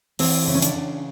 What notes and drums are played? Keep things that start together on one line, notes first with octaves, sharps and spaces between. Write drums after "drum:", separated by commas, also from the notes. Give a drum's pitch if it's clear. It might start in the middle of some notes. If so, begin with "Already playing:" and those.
E3 C4, drum: open hi-hat
C#3
C#4
D4, drum: hi-hat
C#3